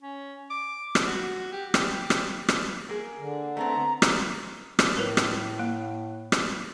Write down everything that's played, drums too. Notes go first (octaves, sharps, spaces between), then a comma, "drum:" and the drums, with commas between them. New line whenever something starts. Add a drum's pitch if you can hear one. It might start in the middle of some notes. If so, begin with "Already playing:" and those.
C#4
D6
drum: rim click
F#4
G4
G4, drum: rim click
drum: rim click
drum: rim click
A#3 G#4
D3
A3 B3 C4 A#5
drum: rim click
drum: rim click
A2 A#4 B4
drum: rim click
A#3
drum: rim click